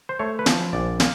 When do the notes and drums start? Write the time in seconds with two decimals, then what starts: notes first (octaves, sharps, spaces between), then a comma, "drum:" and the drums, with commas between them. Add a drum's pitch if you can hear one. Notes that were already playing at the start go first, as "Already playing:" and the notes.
0.09 C5
0.19 A3 C#5
0.39 B4
0.46 F3 C5, drum: snare
0.73 A#1 D5
1.00 A#3, drum: snare